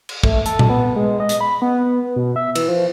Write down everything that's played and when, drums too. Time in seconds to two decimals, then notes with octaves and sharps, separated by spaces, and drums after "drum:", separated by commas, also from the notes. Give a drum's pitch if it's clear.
0.09 drum: cymbal
0.24 A3, drum: kick
0.46 A4, drum: hi-hat
0.59 drum: tom A#2
0.69 B3
0.96 G#3
1.20 D#5
1.29 drum: hi-hat
1.41 B5
1.62 B3
2.16 B2
2.36 E5
2.55 E3, drum: cymbal
2.68 F3